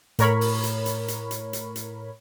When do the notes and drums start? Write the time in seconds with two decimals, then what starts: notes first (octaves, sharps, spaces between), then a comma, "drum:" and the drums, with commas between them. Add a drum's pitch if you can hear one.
0.19 A2 A#4 C#5 B5, drum: hi-hat
0.41 drum: open hi-hat
0.63 drum: hi-hat
0.86 drum: hi-hat
1.08 drum: hi-hat
1.31 drum: hi-hat
1.53 drum: hi-hat
1.76 drum: hi-hat